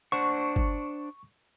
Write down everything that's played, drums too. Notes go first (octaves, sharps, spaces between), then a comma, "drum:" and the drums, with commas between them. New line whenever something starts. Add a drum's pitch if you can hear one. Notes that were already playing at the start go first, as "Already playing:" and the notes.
D4 C5 F#5 C#6
drum: kick G1